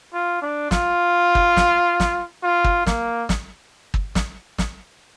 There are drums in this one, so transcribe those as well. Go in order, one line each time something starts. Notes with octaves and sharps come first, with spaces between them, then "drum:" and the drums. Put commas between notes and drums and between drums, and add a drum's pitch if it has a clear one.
F4
D4
F4, drum: snare
drum: kick
drum: snare
drum: snare
F4
drum: kick
A#3, drum: snare
drum: snare
drum: kick
drum: snare
drum: snare